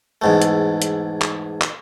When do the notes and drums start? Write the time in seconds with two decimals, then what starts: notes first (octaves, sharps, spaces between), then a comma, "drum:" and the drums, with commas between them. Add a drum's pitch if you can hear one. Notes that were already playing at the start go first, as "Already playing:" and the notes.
0.22 E2 G#2 A3
0.42 drum: hi-hat
0.82 drum: hi-hat
1.22 drum: clap
1.62 drum: clap